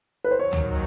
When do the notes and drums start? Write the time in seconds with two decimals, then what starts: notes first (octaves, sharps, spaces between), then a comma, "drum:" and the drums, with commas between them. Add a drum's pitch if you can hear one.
0.24 B4
0.31 C5
0.39 D#2 D#3 F#3 C#5
0.53 drum: tom C#2